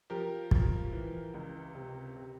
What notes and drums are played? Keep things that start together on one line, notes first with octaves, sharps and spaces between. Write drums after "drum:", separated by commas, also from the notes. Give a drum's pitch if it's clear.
F3 G4 A#4
F3, drum: kick
E3
C#2
C3
C3